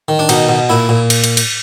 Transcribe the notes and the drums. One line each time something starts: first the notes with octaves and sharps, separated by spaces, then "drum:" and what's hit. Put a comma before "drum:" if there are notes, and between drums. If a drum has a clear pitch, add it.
D#3
D4
B2 D#4, drum: cymbal
B2
A#2 E4
A#2
drum: cymbal
drum: cymbal
drum: cymbal